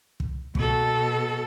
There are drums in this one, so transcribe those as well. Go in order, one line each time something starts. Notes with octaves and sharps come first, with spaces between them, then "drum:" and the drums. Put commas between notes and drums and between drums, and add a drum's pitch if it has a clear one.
drum: kick
B2 A4, drum: kick